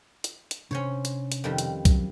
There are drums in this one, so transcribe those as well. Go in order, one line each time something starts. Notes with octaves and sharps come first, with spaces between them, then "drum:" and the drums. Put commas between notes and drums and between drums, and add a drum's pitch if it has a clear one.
drum: hi-hat
drum: hi-hat
C3 C#4 D4 C5 C#5
drum: hi-hat
drum: hi-hat
F2 D#3 G3
drum: hi-hat
F#3, drum: kick B1, hi-hat